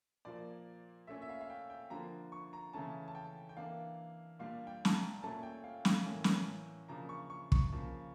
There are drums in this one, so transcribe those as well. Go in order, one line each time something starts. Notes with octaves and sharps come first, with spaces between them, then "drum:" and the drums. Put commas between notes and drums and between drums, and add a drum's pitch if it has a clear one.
A#2 F3 A#3 D5
A#2 A3 C#4 E5
E5
F5
F5
G5
G5
D3 F3 A#3 A#5
C#6
A#5
C#3 E3 A3 C#4 A5
A5
G5
G5
E3 A#3 D4 F5
A#2 G3 D4 F5
G5
A5, drum: snare
A#5
A#2 A3 C#4 A5
G5
F5
G5, drum: snare
A2 E3 A#3 C#4
drum: snare
C#3 F3 A#3 D4 A#5
C#6
C#6
C#6, drum: kick
C#3 F3 A#3